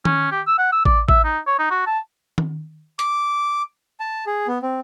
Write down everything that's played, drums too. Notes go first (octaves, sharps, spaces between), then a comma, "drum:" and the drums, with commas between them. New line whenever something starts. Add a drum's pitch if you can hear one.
C#4, drum: tom D#3
G4
E6
F#5
E6
D5, drum: kick A1
E5, drum: kick A1
D#4
C#5
D#4
F#4
A5
drum: tom D#3
D6, drum: hi-hat
A5
G#4
B3
C4